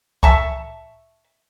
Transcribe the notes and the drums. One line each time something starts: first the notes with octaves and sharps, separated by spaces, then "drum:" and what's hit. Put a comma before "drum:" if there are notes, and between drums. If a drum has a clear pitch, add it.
E5 A5 C#6, drum: kick C#2